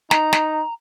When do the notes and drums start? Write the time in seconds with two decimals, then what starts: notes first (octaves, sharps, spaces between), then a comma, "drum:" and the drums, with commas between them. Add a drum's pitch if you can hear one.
0.11 D#4 A#5, drum: snare
0.33 drum: snare